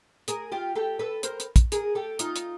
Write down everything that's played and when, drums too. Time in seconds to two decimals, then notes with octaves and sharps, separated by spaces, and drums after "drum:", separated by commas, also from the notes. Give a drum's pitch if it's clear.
0.28 G#4 A#4, drum: hi-hat
0.52 F4 G4
0.75 G4 A4
0.99 A4 B4
1.23 A#4 C5, drum: hi-hat
1.40 drum: hi-hat
1.56 drum: kick, hi-hat
1.72 G#4 A#4, drum: hi-hat
1.95 G4 A4
2.19 D#4 F4, drum: hi-hat
2.36 drum: hi-hat